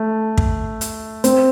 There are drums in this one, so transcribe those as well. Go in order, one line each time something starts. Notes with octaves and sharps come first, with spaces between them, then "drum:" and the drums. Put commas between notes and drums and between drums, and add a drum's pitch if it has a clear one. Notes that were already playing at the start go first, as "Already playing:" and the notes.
Already playing: A3
drum: kick
drum: hi-hat
C4, drum: hi-hat